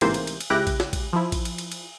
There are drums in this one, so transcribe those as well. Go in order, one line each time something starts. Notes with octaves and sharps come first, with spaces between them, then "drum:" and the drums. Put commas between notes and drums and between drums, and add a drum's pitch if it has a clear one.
A1 G#2 C3 E3 A#3 C5, drum: cymbal
drum: cymbal
drum: cymbal
drum: cymbal
C#2 E4 G4 F#6 A#6 D7
drum: kick, cymbal
drum: snare
drum: kick, cymbal
F3 E4
drum: kick, cymbal
drum: cymbal
drum: cymbal
drum: cymbal